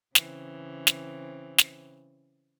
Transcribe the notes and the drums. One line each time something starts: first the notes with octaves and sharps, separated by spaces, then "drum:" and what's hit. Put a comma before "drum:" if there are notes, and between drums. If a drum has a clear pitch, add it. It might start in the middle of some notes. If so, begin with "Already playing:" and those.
C#3 E3 C4, drum: snare
drum: snare
drum: snare